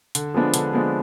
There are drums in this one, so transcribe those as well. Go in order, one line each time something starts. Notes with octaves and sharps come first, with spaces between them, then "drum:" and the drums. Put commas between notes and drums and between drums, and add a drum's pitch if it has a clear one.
D3, drum: hi-hat
F3 G#3 B3 D4
D3, drum: hi-hat
F3 G#3 B3 D4